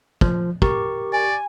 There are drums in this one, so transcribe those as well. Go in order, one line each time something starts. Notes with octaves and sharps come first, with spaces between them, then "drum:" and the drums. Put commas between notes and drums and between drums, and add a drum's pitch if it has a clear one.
F3, drum: kick
G4 A#4 C#6, drum: kick
D5 G#5